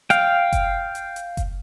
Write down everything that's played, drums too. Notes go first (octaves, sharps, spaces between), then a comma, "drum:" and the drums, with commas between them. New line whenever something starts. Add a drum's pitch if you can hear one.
F5 G5, drum: hi-hat
drum: kick F#1, hi-hat
drum: hi-hat
drum: hi-hat
drum: kick F#1, hi-hat